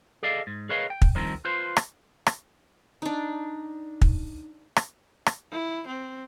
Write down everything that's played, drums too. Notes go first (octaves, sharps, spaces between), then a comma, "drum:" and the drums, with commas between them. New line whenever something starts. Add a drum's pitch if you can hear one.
G#4 A4 D5 D#5 F5
G#2
G#4 A#4 B4 C#5 D#5 F5
G5
drum: kick
G2 D#3 F3 C4 A#4
F4 B4 C5
drum: rim click
drum: rim click
D4 D#4
drum: kick
drum: rim click
drum: rim click
E4
C4